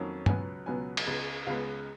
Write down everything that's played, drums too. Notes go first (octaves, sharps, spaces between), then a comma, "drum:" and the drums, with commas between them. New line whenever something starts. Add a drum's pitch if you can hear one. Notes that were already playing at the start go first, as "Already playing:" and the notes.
Already playing: F2 D#3 F#3 A#3 C#4
C#2 B2 F#3 B3 G#5, drum: tom
C#2 B2 F#3 B3 G#5
drum: cymbal
C#2 C#3 G#3 B3
C#2 C#3 G#3 B3 F5